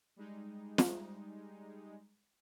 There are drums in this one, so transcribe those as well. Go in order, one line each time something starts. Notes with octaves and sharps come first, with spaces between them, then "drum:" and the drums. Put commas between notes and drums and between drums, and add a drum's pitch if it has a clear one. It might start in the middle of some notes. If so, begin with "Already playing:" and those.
G3 G#3 D#4
drum: snare